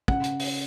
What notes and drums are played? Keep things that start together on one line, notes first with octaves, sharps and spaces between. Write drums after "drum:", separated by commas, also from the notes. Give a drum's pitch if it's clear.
C#3 F#5, drum: kick
drum: hi-hat
drum: open hi-hat